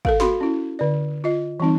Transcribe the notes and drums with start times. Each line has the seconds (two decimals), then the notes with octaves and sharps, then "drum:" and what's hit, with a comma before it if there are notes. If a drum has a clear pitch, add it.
0.05 A4 A#4 F5, drum: kick
0.20 F#4 B5 C6, drum: snare
0.41 C#4 E4
0.79 D3 D5
1.24 F4 D#5
1.60 E3 G3 C4 D#4